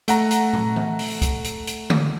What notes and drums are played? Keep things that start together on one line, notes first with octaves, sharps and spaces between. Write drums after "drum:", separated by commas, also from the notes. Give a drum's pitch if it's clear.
A3 F#5 A#5, drum: hi-hat
drum: hi-hat
drum: tom
drum: tom E3
drum: open hi-hat
drum: kick, hi-hat
drum: hi-hat
drum: hi-hat
drum: tom D3